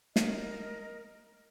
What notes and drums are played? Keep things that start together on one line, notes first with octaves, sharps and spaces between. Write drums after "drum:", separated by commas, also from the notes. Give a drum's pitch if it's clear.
A#4 D#5, drum: snare